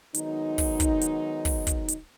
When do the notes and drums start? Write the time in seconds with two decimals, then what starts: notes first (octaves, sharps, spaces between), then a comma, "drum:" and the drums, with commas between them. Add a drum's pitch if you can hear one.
0.14 D#3 F#3 G#3 B3 D#4, drum: hi-hat
0.58 drum: kick, open hi-hat
0.80 drum: kick, hi-hat
1.01 drum: hi-hat
1.45 drum: kick, open hi-hat
1.67 drum: kick, hi-hat
1.88 drum: hi-hat